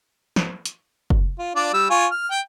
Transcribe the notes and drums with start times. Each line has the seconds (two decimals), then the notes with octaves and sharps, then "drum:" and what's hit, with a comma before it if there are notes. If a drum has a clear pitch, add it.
0.36 drum: snare
0.66 drum: hi-hat
1.10 drum: kick
1.39 F4
1.56 D4 F4 D5
1.73 G3 E6
1.90 F4 G#5 C#6
2.11 F6
2.31 G5